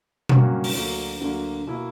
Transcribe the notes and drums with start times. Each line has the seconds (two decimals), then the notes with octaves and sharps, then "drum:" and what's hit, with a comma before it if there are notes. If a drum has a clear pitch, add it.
0.29 G2 F#3 A#3 C#4 F#4, drum: tom B2
0.64 drum: open hi-hat
0.75 D2 D3 F#3 A#3 D4
1.21 D2 D3 F#3 A#3 D4
1.67 B2 A#3 E4